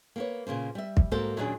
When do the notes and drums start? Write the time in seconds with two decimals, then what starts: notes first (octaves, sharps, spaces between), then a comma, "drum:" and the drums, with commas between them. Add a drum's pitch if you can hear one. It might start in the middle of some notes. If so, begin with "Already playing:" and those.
0.16 A#3 B3 C#5
0.47 A#2 C#3 A#3 C5
0.75 G3 E5
0.97 drum: kick
1.11 G#2 A#3 F#4 A4 C5
1.37 D#2 A#2 F#3 C#4 D4 G#4